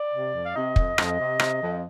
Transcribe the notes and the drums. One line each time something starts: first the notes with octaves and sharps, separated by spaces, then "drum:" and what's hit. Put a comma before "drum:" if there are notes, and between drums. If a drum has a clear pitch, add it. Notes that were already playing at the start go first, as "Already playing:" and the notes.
Already playing: D5
C3
F2
F5
C3 D#5
F2, drum: kick
F2, drum: rim click
C3
C3, drum: rim click
F2